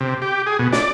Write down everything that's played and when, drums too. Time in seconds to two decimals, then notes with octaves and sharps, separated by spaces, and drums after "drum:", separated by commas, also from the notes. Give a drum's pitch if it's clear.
0.01 C3
0.22 G4
0.47 G#4
0.59 B2
0.72 D5, drum: snare